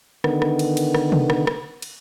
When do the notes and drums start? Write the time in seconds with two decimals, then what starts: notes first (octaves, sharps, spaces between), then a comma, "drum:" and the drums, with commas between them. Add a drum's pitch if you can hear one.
0.24 D3 D#3 B3, drum: rim click
0.42 drum: rim click
0.59 drum: cymbal
0.77 drum: cymbal
0.95 drum: rim click
1.12 drum: tom C3
1.30 drum: rim click
1.47 drum: rim click
1.82 drum: cymbal